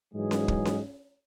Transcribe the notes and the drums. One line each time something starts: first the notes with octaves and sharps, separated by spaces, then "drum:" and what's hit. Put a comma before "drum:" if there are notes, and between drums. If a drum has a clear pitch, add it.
G#2 E3 F#3 G#3 G#4
drum: snare C#4
drum: kick
drum: snare C#4